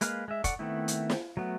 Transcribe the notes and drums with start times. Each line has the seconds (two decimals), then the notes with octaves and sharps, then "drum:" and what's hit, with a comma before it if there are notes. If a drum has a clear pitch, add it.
0.01 G#3 A#3 B4 F5, drum: hi-hat
0.28 G#3 E5
0.44 A4 D5 F#5 C#6, drum: kick, hi-hat
0.59 D#3 A3 B3 C4 E4
0.88 drum: hi-hat
1.10 drum: snare
1.37 F#3 A3 B3